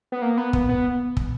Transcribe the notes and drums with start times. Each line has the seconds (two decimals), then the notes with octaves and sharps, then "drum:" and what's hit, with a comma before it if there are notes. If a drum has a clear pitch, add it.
0.12 B3
0.22 A#3
0.38 B3
0.53 B3, drum: kick
0.69 B3
1.17 drum: kick